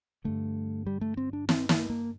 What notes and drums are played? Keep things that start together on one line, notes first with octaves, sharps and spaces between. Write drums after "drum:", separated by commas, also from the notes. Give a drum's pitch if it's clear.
G2 D3 A3
G3
A3
C4
D4
C4, drum: snare
A#3, drum: snare
A#3